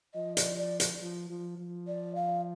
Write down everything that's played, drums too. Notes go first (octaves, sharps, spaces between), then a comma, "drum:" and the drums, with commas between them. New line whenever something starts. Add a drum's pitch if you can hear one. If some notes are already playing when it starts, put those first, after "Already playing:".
F3 D#5
D5, drum: hi-hat
D5
drum: hi-hat
F3
F3
F3
D5
F5